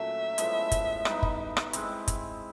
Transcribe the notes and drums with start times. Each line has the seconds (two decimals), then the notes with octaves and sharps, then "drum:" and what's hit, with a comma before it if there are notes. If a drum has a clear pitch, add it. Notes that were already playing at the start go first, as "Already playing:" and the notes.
Already playing: A#2 F#3 A3 C#4 E5
0.38 A2 F3 G#3 B3, drum: hi-hat
0.72 drum: kick, hi-hat
1.05 G3 B3 D#4, drum: rim click
1.23 drum: kick
1.57 drum: rim click
1.73 G#3 C4 E4, drum: hi-hat
2.08 drum: kick, hi-hat